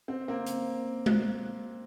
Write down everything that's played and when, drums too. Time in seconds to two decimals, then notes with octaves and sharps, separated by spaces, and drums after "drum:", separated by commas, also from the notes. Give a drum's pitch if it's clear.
0.08 C4
0.28 A#3 C4
0.46 drum: hi-hat
1.06 drum: tom G#3